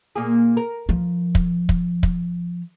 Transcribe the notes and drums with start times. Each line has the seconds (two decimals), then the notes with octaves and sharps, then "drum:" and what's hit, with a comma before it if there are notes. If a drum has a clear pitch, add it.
0.15 A#2 A#3 G#4
0.57 A#4
0.89 F3
1.35 drum: kick
1.69 drum: kick
2.03 drum: kick